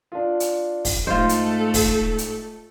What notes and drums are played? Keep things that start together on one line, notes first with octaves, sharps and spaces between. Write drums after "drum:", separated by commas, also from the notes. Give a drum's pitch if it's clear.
D4 F4
drum: hi-hat
drum: kick, open hi-hat
G#2 A3 F4 A4 C5 D#5
drum: hi-hat
drum: kick, open hi-hat
drum: hi-hat